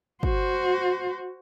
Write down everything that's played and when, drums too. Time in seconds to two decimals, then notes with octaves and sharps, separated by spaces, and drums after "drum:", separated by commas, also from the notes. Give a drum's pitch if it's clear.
0.23 F#4 C5, drum: kick